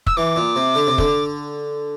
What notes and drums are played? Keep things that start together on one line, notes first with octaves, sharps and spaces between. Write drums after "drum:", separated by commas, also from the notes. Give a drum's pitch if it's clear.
E6, drum: kick
E3 D6
A#2
C3
D3
C3
D3, drum: kick